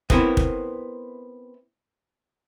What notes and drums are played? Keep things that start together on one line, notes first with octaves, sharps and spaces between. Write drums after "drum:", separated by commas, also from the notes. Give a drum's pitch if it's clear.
B3 C4 E4 A#4, drum: kick
drum: kick